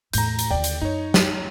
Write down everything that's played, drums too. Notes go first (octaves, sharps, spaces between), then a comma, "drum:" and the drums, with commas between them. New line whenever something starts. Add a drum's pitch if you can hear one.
E2 A2 A#5 G6, drum: hi-hat
drum: hi-hat
D#2 D3 D5 G5
drum: hi-hat
F#2 D#4 C#5
drum: snare